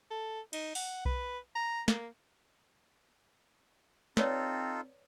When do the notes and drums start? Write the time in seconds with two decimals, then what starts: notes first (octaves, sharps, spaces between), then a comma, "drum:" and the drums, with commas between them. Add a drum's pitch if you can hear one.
0.11 A4
0.53 D#4, drum: cymbal
0.75 F#5, drum: open hi-hat
1.05 B4, drum: kick B1
1.55 A#5
1.88 A#3, drum: snare
4.17 C4 D#4 F4 A4 B4 C#5 D5, drum: snare